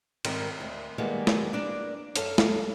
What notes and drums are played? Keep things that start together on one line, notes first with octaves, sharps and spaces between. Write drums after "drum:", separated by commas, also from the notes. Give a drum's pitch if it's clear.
G#2 D#3 G3 C4 A#4, drum: cymbal
D2
D#3 G3 G#3 A#3 B3
drum: snare
A#3 D4 D5
F#2 A4 F5, drum: hi-hat
drum: snare